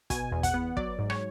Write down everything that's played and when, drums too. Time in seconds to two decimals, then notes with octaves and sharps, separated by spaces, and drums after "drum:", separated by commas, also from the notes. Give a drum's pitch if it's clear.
0.10 B2 G#5, drum: kick, hi-hat
0.32 E2
0.43 F#5, drum: kick, hi-hat
0.54 B3
0.77 F#3 D5, drum: kick
0.99 G#2
1.10 C#5, drum: rim click